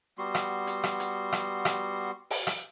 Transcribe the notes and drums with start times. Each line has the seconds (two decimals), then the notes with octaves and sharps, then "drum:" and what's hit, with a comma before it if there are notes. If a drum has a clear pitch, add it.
0.18 G3 B3 F#4 C6
0.35 drum: rim click
0.67 drum: hi-hat
0.83 drum: rim click
1.00 drum: hi-hat
1.32 drum: rim click
1.65 drum: rim click
2.30 drum: open hi-hat
2.47 drum: rim click